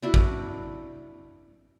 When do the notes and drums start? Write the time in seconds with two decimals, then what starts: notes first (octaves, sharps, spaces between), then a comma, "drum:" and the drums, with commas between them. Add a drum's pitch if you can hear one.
0.02 D4 E4 F#4
0.14 drum: kick